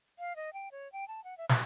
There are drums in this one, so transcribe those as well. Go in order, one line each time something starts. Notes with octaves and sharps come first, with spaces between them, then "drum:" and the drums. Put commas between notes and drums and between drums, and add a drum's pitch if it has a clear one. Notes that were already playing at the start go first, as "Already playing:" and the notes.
F5
D#5
G5
C#5
G5
A5
F#5
E5
F#6, drum: snare